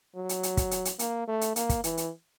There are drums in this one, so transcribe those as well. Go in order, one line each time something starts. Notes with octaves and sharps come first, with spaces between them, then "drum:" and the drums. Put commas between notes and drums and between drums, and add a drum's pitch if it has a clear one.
F#3
drum: hi-hat
drum: hi-hat
drum: kick, hi-hat
drum: hi-hat
drum: hi-hat
A#3, drum: hi-hat
A3
drum: hi-hat
A#3, drum: hi-hat
drum: kick, hi-hat
E3, drum: hi-hat
drum: hi-hat